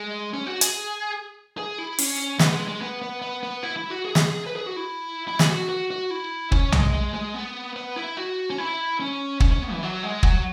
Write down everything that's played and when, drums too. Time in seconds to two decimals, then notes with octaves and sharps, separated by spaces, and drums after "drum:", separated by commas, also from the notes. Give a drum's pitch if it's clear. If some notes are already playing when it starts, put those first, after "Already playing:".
Already playing: G#3
0.34 C#4
0.47 F#4
0.61 G#4, drum: hi-hat
1.58 G#4
1.78 E4
1.98 C#4, drum: open hi-hat
2.39 B3, drum: snare
2.53 G#3
2.68 G#3
2.81 B3
3.02 B3
3.22 B3
3.43 B3
3.63 E4
3.77 E4
3.90 F#4
4.05 G#4
4.15 drum: snare
4.46 B4
4.56 G#4
4.66 F#4
4.76 E4
5.28 E4
5.39 G#4, drum: snare
5.49 F#4
5.69 F#4
5.91 F#4
6.11 E4
6.52 C#4, drum: kick
6.72 G#3, drum: tom B1
6.93 G#3
7.14 G#3
7.34 B3
7.76 B3
7.96 E4
8.17 F#4
8.50 C#4
8.58 E4
9.00 C#4
9.40 C#4, drum: kick
9.51 C#4
9.62 B3
9.72 E3
9.83 F#3
10.03 G#3
10.23 F#3, drum: kick